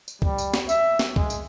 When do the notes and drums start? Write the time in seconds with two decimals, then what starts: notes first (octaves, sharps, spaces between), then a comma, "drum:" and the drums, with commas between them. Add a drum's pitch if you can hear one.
0.08 drum: tambourine
0.22 G3, drum: kick C#2
0.38 drum: tambourine
0.54 drum: snare
0.69 E5, drum: tambourine
0.99 drum: snare
1.16 G#3, drum: kick C#2
1.30 drum: tambourine